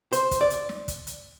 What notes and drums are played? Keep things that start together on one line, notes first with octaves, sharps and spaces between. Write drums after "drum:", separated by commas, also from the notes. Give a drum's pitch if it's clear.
C5, drum: hi-hat
drum: kick, hi-hat
D5
drum: hi-hat
drum: snare
drum: kick, hi-hat
drum: hi-hat